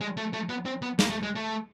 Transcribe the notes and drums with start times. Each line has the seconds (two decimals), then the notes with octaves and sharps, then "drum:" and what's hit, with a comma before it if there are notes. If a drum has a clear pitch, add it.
0.01 G#3
0.17 A3
0.33 A3
0.49 B3
0.65 C4
0.82 B3
0.99 A#3, drum: snare
1.10 A3
1.23 G#3
1.36 A3